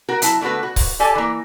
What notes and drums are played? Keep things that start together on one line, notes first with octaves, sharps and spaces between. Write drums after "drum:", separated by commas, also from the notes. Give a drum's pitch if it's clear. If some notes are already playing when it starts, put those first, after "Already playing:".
F#4 A#4
F#3 E4 A5, drum: hi-hat
D3 A3 B3 F#4 B4
F#4
drum: kick C#1, open hi-hat
G4 A4 D5 G#5 A5
E3 A#3